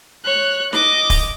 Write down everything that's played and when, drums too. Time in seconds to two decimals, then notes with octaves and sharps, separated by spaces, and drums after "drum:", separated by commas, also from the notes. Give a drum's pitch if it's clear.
0.24 C#5 F#6
0.73 D#5 D6, drum: snare
1.10 drum: kick, open hi-hat